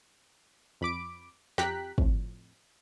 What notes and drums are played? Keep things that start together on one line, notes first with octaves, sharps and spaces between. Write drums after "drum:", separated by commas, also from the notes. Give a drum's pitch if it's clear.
F2 B5 D6 D7
F2 G4 G5 A#5 F#6 B6, drum: snare
F2 A2, drum: kick